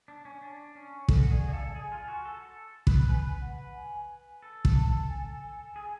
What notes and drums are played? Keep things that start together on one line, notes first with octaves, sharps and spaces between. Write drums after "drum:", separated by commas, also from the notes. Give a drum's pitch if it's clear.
D4
C#4
D4
C#4
F#4 A4, drum: kick
G#4 D5
G#4 D5
A4 F5
G#4 G#5
F4
F#4
A4
A4
B4, drum: kick
B4 G#5
B4
F#5
G#5
A4
drum: kick
A5
G#5
G#5
G#4 G#5